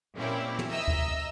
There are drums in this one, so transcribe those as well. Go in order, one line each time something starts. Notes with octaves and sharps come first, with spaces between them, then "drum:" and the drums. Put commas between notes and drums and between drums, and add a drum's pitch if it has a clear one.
A#2 C4 C#4 E4 G4
drum: tom
D#5 E5 A#5 E6
drum: kick D2